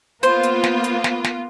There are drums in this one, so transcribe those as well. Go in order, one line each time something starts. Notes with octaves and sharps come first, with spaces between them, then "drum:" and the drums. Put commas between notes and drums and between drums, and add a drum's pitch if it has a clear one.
A#3 B3 F4 C5, drum: hi-hat
drum: hi-hat
drum: snare
drum: hi-hat
drum: snare
drum: snare